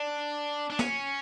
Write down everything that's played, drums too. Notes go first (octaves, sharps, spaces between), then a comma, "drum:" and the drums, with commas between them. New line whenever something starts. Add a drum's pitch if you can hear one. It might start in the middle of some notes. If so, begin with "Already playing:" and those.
Already playing: D4
D4
C#4, drum: snare